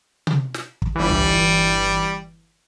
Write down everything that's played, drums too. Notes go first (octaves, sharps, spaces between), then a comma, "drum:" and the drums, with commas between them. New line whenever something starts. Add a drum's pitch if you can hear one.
drum: tom C3
drum: snare
drum: kick
G1 E3 G3
drum: tom C2